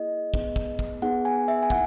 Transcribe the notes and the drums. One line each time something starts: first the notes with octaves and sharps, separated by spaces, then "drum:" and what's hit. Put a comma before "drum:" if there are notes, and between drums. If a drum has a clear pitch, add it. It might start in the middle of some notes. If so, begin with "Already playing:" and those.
Already playing: A#3 E4 G#4 D#5
B3 D#4 G#4, drum: kick
drum: kick
drum: kick
B3 D#4 G#4 F#5
G#5
E5
G#5
A#3 E4 F#5, drum: kick